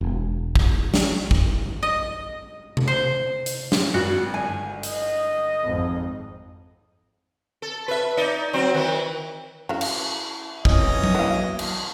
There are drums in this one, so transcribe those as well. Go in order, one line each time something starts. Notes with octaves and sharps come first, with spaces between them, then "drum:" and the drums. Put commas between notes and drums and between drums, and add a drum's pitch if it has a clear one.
E1
drum: kick
drum: snare
drum: kick
D#5
drum: tom C3
C5
drum: hi-hat
drum: snare
G#1 F#4
G1 G#5
D#5, drum: hi-hat
G#1 F2
A4
B4 E5
D#4 D5
F#3 C4 C5
D#3 E3
C#3 E4 F#4 F5
drum: cymbal
F2 B2 E3 C#4 D#5, drum: kick
drum: tom F#3
A#3 B3 E4 F#4 F5
drum: cymbal